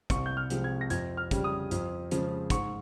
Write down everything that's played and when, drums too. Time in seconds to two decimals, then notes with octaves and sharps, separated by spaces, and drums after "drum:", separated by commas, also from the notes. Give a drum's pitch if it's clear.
0.10 C2 C#6, drum: kick, hi-hat
0.26 G6
0.37 F6
0.50 C3 F3 G#3, drum: hi-hat
0.64 G#6
0.81 A#6
0.90 F2 G#6, drum: hi-hat
1.17 F6
1.31 C#3 G3, drum: kick, hi-hat
1.44 D#6
1.71 F2, drum: hi-hat
2.11 C#3 F3 G#3, drum: hi-hat
2.50 G#2 C#6, drum: kick, hi-hat